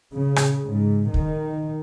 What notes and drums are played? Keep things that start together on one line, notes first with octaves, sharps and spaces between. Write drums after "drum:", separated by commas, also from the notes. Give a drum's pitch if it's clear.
C#3
drum: rim click
G#2
D#3, drum: kick